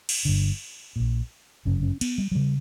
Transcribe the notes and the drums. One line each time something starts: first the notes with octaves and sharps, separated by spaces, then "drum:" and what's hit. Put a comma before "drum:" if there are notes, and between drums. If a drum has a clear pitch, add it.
drum: cymbal
G1 G2 D3
A#1 A#2
G1 F#2 C#3 C#4
C#4
B3, drum: cymbal
G3
F#3
C#3 G3